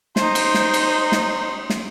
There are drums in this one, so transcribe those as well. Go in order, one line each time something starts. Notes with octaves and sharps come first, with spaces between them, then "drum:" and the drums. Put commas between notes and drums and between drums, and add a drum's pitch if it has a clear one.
D#4 C5, drum: snare
drum: cymbal
drum: snare
drum: cymbal
drum: snare
drum: snare